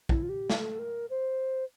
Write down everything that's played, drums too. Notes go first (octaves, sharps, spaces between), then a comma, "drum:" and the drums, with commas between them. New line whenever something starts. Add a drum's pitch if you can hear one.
E4, drum: kick A#1
F4
G4
A4, drum: snare
A#4
C5